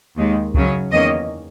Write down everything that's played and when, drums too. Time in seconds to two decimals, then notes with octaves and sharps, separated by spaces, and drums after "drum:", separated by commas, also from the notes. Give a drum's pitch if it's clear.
0.17 D#2 D#3 G#3
0.54 F#2 C#3 F#3 C#4, drum: kick C#2
0.91 E2 D#3 A#3 C#4 D#5